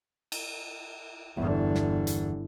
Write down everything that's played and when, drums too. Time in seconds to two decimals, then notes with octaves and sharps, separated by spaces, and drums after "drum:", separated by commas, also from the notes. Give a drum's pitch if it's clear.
0.32 drum: cymbal
1.37 G1 E2 D3
1.75 drum: snare
2.07 drum: hi-hat